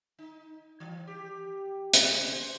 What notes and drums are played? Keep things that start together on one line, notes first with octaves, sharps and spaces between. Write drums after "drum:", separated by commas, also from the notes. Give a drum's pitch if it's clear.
D#4
E3
G4
B2, drum: hi-hat
C5